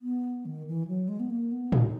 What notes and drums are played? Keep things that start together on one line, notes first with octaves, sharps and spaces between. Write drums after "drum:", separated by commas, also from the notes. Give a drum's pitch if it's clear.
B3
D#3
E3
F#3
G#3
B3
A#3
B3
D#4, drum: tom A2